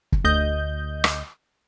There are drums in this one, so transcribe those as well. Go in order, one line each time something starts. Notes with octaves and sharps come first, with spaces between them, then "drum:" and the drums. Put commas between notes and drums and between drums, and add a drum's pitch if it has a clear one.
drum: kick
D2 D#5 G6
drum: rim click